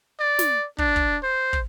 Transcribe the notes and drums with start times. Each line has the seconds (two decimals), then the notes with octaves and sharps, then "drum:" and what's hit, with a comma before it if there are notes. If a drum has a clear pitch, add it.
0.20 D5
0.39 drum: snare
0.78 D4, drum: kick
0.96 drum: kick
1.23 C5
1.53 drum: kick